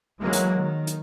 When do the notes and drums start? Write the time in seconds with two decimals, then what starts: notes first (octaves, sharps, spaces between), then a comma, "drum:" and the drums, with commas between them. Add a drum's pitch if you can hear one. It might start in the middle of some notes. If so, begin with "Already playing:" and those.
0.19 E3 F#3 G#3 A#3
0.32 drum: hi-hat
0.55 D#3
0.87 drum: hi-hat